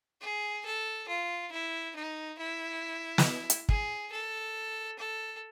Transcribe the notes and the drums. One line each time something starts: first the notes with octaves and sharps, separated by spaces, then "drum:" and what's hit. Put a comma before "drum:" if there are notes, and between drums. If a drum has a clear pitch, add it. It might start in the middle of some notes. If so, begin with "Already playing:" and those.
G#4
A4
F4
E4
D#4
E4
drum: snare
drum: hi-hat
G#4, drum: kick
A4
A4